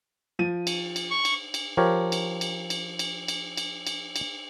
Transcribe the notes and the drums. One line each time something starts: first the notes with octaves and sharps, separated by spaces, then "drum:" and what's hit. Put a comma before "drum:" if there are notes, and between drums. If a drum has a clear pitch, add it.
F3 D#7
drum: cymbal
drum: cymbal
C#6
drum: cymbal
drum: cymbal
F3 G4 A#4 C#5
drum: cymbal
drum: cymbal
drum: cymbal
drum: cymbal
drum: cymbal
drum: cymbal
drum: cymbal
drum: cymbal